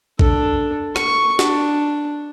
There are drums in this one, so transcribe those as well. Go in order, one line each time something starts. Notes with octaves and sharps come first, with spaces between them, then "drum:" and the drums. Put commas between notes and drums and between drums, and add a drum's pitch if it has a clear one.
D4 A4, drum: kick A#1
C#6, drum: rim click
D4, drum: snare